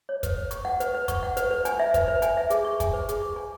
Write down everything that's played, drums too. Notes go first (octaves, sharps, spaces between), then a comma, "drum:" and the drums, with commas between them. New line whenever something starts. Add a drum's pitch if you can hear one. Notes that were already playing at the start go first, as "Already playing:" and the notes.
C#5
B4, drum: kick, hi-hat
B4
C#6, drum: hi-hat
F#5
B4, drum: hi-hat
B4
C#6, drum: kick, hi-hat
F#5
B4, drum: hi-hat
B4
G#5, drum: hi-hat
E5
B4, drum: kick, hi-hat
B4
G#5, drum: hi-hat
E5
G#4, drum: hi-hat
C#6
G#5, drum: kick, hi-hat
B4
G#4, drum: hi-hat
C#6
G#5